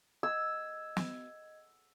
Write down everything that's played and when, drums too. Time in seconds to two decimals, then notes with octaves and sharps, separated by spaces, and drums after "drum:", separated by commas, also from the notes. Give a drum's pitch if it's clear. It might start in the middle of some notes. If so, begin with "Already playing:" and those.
0.23 D#5 E6 G#6
0.97 drum: snare